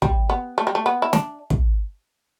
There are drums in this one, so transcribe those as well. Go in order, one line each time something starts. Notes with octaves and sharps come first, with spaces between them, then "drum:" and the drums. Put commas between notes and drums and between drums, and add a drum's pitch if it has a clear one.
G3, drum: kick
B3
A3
G3
A3
B3
E4
D4, drum: snare
drum: kick